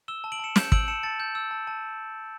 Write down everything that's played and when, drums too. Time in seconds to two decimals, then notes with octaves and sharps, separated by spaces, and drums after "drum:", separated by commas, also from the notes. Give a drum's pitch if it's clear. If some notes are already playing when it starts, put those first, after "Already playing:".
0.08 E6 E7 G7
0.24 A5
0.32 D7 F#7
0.39 A5 C#7 E7
0.56 G6 C#7 E7, drum: snare
0.72 E6 D7 F#7, drum: kick
0.88 A5 C#7 E7
1.03 A5 A6 C#7
1.20 G6
1.35 E6
1.51 A5
1.67 A5